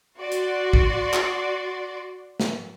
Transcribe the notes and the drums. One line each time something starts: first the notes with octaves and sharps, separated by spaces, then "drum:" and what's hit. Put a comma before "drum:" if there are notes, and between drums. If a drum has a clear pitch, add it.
F#4 D5 C6
drum: hi-hat
drum: kick
drum: clap
drum: snare